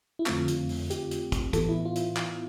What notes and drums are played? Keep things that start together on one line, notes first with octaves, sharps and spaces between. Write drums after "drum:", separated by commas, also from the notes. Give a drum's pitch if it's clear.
E4
F2 D3 A3 C4 F4, drum: clap
drum: hi-hat
drum: open hi-hat
G4, drum: hi-hat
drum: hi-hat
drum: kick, hi-hat
A2 E3 B3 A4, drum: kick, hi-hat
E4
F4
drum: hi-hat
drum: clap